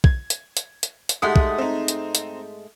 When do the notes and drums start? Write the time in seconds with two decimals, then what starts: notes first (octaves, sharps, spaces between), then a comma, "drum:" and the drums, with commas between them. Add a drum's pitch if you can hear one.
0.04 G#6, drum: kick
0.30 drum: hi-hat
0.57 drum: hi-hat
0.83 drum: hi-hat
1.09 drum: hi-hat
1.22 G#2 G#3 A3 G4 F#5 D#6
1.36 drum: kick
1.58 C4 D#4
1.88 drum: hi-hat
2.15 drum: hi-hat